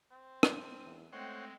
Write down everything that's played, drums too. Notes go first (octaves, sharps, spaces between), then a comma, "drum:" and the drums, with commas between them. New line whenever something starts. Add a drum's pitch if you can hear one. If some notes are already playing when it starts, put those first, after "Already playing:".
C4
drum: rim click
E2
G#3 A3 C4 C5 C#5 F#5 G5